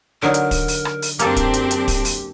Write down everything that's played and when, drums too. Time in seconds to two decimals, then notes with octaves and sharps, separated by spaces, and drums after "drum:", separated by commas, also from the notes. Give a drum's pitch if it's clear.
0.22 D3 F#3 D#4 A#4
0.34 drum: hi-hat
0.51 drum: kick, open hi-hat
0.68 drum: open hi-hat
0.85 drum: rim click
1.02 drum: open hi-hat
1.19 F#2 A#3 C4 D4 G4 A4, drum: hi-hat
1.36 drum: kick, hi-hat
1.53 drum: hi-hat
1.71 drum: hi-hat
1.88 drum: kick, open hi-hat
2.05 drum: open hi-hat